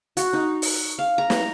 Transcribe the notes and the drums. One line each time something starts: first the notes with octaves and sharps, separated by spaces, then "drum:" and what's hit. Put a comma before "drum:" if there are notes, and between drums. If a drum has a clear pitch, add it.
F#4, drum: hi-hat
D#4
drum: open hi-hat
F5
A#5
drum: snare